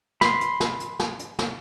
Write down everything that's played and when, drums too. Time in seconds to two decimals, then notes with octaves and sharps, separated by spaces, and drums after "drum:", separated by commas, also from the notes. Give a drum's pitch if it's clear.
0.21 B5 C6, drum: snare
0.41 drum: hi-hat
0.60 drum: snare
0.80 drum: hi-hat
1.00 drum: snare
1.19 drum: hi-hat
1.39 drum: snare